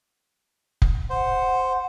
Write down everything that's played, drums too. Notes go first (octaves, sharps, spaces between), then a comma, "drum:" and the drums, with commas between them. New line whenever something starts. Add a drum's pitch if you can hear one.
drum: kick F1
C5 F#5